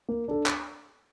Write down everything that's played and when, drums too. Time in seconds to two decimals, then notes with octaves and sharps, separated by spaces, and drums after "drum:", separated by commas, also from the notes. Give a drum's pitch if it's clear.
0.08 A#3
0.28 D4 A4
0.46 drum: clap